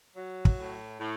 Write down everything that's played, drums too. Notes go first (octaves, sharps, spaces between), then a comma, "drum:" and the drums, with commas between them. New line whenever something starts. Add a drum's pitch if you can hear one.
F#3
drum: kick
A2
A2